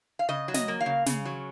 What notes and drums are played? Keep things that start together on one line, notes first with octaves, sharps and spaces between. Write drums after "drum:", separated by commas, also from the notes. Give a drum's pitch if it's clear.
F5
C#3 D#5
F#3
D#5, drum: snare
A#3
F5
C#3
C#3, drum: snare
F#3